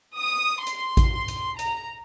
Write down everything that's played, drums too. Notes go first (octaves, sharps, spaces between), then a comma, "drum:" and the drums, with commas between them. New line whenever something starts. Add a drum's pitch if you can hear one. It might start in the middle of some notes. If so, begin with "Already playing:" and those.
D#6
C6, drum: hi-hat
drum: kick A1, hi-hat
drum: hi-hat
A#5, drum: hi-hat